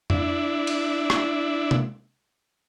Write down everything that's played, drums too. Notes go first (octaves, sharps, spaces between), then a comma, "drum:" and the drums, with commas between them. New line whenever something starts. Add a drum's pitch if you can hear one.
D4 E4, drum: tom F2
drum: cymbal
drum: rim click
drum: tom